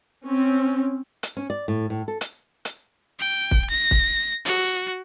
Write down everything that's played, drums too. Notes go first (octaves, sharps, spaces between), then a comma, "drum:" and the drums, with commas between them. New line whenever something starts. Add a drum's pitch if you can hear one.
C4 C#4
drum: hi-hat
C#4
D5
A2
A2
A4
drum: hi-hat
drum: hi-hat
G5
drum: kick
A#6
drum: kick
F#4, drum: open hi-hat